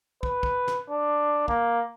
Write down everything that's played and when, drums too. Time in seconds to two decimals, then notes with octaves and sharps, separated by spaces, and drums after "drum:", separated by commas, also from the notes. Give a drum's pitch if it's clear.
0.23 B4, drum: kick
0.43 drum: kick
0.68 drum: snare
0.90 D4
1.48 A#3, drum: kick